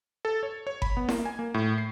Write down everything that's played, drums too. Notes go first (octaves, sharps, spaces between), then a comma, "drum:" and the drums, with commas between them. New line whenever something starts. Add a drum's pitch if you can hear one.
A4
C#5
C#5
B5, drum: kick G1
B3
A#3, drum: snare E4
G#5
A#3
A2
C7